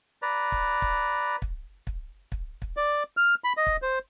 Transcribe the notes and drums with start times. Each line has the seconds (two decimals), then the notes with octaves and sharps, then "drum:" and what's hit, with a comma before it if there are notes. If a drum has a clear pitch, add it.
0.22 B4 D5 A#5
0.52 drum: kick
0.82 drum: kick
1.42 drum: kick
1.87 drum: kick
2.32 drum: kick
2.62 drum: kick
2.77 D5
3.17 F6
3.44 B5
3.57 D#5
3.67 drum: kick
3.82 C5